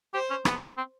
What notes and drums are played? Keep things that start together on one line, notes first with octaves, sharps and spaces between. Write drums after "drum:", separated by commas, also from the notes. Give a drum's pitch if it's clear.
G4 C5
C#4
B3, drum: rim click
C4